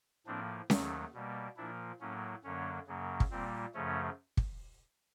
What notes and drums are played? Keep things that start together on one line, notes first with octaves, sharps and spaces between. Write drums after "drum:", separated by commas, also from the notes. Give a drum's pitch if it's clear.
A2 F3 A#3 C4 D4
D#2 D#3 F#3 A3, drum: snare C#4
B2 G3 A#3
A#2 F3 A#3 D4 E4
A2 F#3 A#3 C#4
F#2 D3 F#3 A#3 C#4
F#2 C#3 F#3 A#3
drum: kick
A#2 G3 A#3 C4
F#2 C#3 F3 A3 C#4
drum: kick